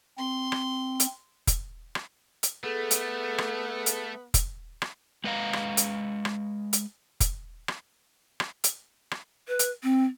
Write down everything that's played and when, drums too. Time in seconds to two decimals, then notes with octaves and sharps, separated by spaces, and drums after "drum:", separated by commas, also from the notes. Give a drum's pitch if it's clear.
0.18 C4 C6
0.52 drum: rim click
1.00 drum: hi-hat
1.47 drum: kick F1, hi-hat
1.95 drum: rim click
2.43 drum: hi-hat
2.64 A3 B3 G#4 A4
2.91 drum: hi-hat
3.38 drum: rim click
3.86 drum: hi-hat
4.34 drum: kick F1, hi-hat
4.82 drum: rim click
5.24 G#3 B4 D#5 F5 A#5
5.53 drum: rim click
5.77 drum: hi-hat
6.25 drum: rim click
6.73 drum: hi-hat
7.20 drum: kick F1, hi-hat
7.68 drum: rim click
8.40 drum: rim click
8.64 drum: hi-hat
9.11 drum: rim click
9.48 B4
9.59 drum: hi-hat
9.83 C4